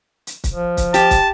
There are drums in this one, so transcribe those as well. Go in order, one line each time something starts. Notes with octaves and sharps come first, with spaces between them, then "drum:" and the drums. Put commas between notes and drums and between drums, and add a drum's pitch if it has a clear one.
drum: hi-hat
drum: kick, hi-hat
F3
drum: kick, hi-hat
G4 A5, drum: hi-hat
drum: kick, hi-hat